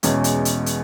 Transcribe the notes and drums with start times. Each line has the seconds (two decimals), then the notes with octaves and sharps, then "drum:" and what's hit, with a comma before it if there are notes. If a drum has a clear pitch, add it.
0.03 E2 B2 G#3 C#4, drum: hi-hat
0.24 drum: hi-hat
0.45 drum: hi-hat
0.66 drum: hi-hat